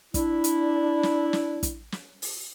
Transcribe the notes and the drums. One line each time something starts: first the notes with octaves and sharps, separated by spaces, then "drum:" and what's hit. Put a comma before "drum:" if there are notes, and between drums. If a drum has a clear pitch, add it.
D4 E4, drum: kick, hi-hat
drum: hi-hat
drum: snare
drum: snare
drum: kick, hi-hat
drum: snare
drum: open hi-hat